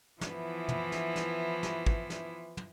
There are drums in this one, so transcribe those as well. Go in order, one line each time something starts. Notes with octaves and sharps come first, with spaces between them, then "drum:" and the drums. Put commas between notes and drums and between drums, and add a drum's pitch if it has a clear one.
E3 F3 B3 E4, drum: snare
drum: tom
drum: snare
drum: snare
drum: snare
drum: kick
drum: snare
drum: tom